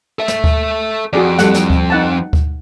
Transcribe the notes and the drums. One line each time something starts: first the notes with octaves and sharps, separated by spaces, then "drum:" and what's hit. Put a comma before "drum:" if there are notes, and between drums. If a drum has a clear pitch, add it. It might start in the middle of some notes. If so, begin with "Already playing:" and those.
A4 E5
drum: snare
drum: kick D2
F2 F#4 G#4 D5
G3 A4 F#5, drum: snare
drum: snare
drum: kick D2
D#4 F#5 A5
drum: kick D2